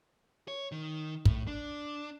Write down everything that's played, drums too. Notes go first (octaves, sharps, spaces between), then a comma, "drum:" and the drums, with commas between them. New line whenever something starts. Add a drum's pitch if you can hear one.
C#5
D#3
A2, drum: kick
D4